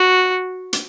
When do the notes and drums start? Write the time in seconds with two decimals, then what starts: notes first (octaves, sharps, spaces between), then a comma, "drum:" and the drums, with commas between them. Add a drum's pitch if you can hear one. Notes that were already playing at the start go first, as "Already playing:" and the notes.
Already playing: F#4
0.73 drum: hi-hat